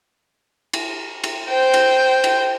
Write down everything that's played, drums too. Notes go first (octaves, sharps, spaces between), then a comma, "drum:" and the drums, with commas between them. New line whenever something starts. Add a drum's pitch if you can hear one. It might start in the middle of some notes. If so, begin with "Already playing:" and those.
drum: cymbal
drum: cymbal
C5 G5
drum: cymbal
drum: cymbal